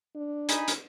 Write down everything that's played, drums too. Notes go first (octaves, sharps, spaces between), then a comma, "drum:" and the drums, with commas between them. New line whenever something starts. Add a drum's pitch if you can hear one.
D4
D#4 G#5 B5, drum: hi-hat
drum: hi-hat